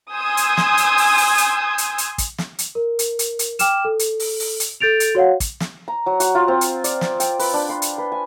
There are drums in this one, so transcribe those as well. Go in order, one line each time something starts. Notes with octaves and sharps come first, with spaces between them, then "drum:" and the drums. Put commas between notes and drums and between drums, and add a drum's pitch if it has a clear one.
G#5 C6 D#6 E6 G6 G#6
drum: hi-hat
drum: snare
drum: hi-hat
drum: open hi-hat
drum: open hi-hat
drum: hi-hat
drum: hi-hat
drum: hi-hat
drum: kick, hi-hat
drum: snare
drum: hi-hat
A#4
drum: hi-hat
drum: hi-hat
drum: hi-hat
G5 D6 F6 E7, drum: hi-hat
A4
drum: hi-hat
drum: open hi-hat
drum: open hi-hat
drum: hi-hat
A4 G6 A6 D7 F7
drum: hi-hat
F#4 C#5 F5 F#5
drum: kick, hi-hat
drum: snare
A#5
F#3
F#4, drum: hi-hat
F4
C4
drum: hi-hat
D5, drum: hi-hat
drum: snare
G5, drum: hi-hat
B4, drum: open hi-hat
D4
C6
drum: hi-hat
B4
G#5